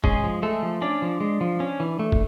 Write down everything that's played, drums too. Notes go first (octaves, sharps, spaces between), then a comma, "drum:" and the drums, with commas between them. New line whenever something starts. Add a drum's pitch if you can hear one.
G#3 C#4 G#4, drum: kick
F3
G#3 A3 A4
F3
C#4 D4 D5
F3
G#3
F3
C#4
E3
A3
drum: kick